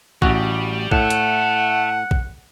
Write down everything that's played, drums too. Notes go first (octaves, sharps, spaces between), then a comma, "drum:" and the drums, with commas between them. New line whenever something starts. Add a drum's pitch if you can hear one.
A1 G3 F#4, drum: kick A#1
A2 E5 F#5 A5, drum: kick A#1
drum: hi-hat
drum: kick A#1